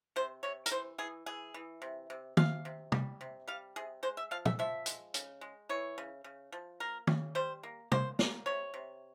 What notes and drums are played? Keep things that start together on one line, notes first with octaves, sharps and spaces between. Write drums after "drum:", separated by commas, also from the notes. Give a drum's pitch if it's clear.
C3 C5
C3 C#5
A#4, drum: hi-hat
E3 C5
E3 G#4
E3 G#4
E3
C3
C3
C3 F5, drum: tom
C3
G3, drum: tom
C3
G3 F5
C3 G#4
G#3 C5
E5
F3 F5
E5, drum: tom
F3 E5
G#3, drum: hi-hat
C#3, drum: hi-hat
G#3
E3 C#5
C#3
C#3
F3
A#3 A#4
C#3, drum: tom
G3 C5
A#3
A#3 C5, drum: tom
A#3, drum: snare
C3 C#5
C3